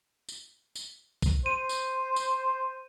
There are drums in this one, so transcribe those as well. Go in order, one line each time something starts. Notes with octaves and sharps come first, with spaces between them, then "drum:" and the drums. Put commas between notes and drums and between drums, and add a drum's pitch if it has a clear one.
drum: tambourine
drum: tambourine
drum: kick A#1, tambourine
C5 D#7
drum: tambourine
drum: tambourine